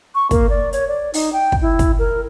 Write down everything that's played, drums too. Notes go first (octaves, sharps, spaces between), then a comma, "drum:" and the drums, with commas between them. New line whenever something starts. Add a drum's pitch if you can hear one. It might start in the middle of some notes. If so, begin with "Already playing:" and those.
C#6
A#3, drum: kick, hi-hat
D5
C#5, drum: hi-hat
D5
D#4, drum: open hi-hat
G5
drum: kick
E4
drum: kick, hi-hat
A#4